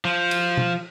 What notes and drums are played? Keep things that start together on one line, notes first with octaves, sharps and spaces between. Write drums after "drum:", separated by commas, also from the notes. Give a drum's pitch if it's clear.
F3
drum: cymbal
drum: tom B2